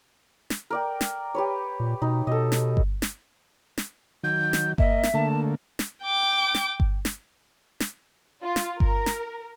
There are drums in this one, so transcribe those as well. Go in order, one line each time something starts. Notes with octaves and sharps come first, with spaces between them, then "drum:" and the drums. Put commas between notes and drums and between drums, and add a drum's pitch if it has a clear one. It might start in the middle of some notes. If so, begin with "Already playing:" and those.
drum: snare
A#4 D5 G5
drum: snare
G4 B4 C#5
A#2
B2 D#4
B2 A4 D#5
drum: snare
drum: kick G1
drum: snare
drum: snare
D#3 F#3 G6
drum: snare
A#3 D#5 E5, drum: kick G1
drum: snare
D3 A3 A#3 A5
drum: snare
G5 D6
drum: snare
drum: kick G1
drum: snare
drum: snare
F4
drum: snare
A#4, drum: kick G1
drum: snare